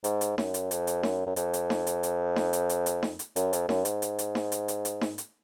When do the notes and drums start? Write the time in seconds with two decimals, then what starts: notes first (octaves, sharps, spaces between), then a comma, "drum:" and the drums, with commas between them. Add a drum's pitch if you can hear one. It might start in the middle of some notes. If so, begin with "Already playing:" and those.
0.04 G#2, drum: hi-hat
0.21 drum: hi-hat
0.38 F#2, drum: snare D#4
0.54 drum: hi-hat
0.71 F2, drum: hi-hat
0.87 drum: hi-hat
1.03 F#2, drum: snare D#4
1.26 F#2
1.36 F2, drum: hi-hat
1.53 drum: hi-hat
1.70 drum: snare D#4
1.87 drum: hi-hat
2.03 drum: hi-hat
2.36 drum: snare D#4
2.53 drum: hi-hat
2.69 drum: hi-hat
2.86 drum: hi-hat
3.03 drum: snare D#4
3.19 drum: hi-hat
3.36 F#2, drum: hi-hat
3.53 F2, drum: hi-hat
3.69 F#2, drum: snare D#4
3.85 G#2, drum: hi-hat
4.02 drum: hi-hat
4.19 drum: hi-hat
4.35 drum: snare D#4
4.52 drum: hi-hat
4.68 drum: hi-hat
4.85 drum: hi-hat
5.01 drum: snare D#4
5.18 drum: hi-hat